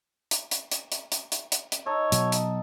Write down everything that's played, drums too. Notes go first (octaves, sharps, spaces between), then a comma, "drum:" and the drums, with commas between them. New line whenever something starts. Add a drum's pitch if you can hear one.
drum: hi-hat
drum: hi-hat
drum: hi-hat
drum: hi-hat
drum: hi-hat
drum: hi-hat
drum: hi-hat
drum: hi-hat
D#4 A4 C#5
B2 F#3, drum: hi-hat
drum: hi-hat